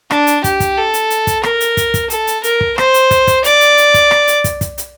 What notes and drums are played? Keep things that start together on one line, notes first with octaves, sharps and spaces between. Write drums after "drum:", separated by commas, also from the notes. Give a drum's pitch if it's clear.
D4, drum: rim click
drum: hi-hat
G4, drum: kick, hi-hat
drum: kick, hi-hat
A4
drum: hi-hat
drum: hi-hat
drum: kick, hi-hat
A#4, drum: rim click
drum: hi-hat
drum: kick, hi-hat
drum: kick, hi-hat
A4, drum: hi-hat
drum: hi-hat
A#4, drum: hi-hat
drum: kick
C5, drum: rim click
drum: hi-hat
drum: kick, hi-hat
drum: kick, hi-hat
D5, drum: hi-hat
drum: hi-hat
drum: hi-hat
drum: kick, hi-hat
drum: rim click
drum: hi-hat
drum: kick, hi-hat
drum: kick, hi-hat
drum: hi-hat